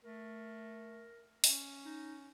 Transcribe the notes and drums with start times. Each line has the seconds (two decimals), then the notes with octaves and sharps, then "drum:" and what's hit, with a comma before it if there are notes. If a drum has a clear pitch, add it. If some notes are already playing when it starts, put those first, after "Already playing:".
0.04 A3 A#4
1.44 C#4, drum: open hi-hat
1.85 D#4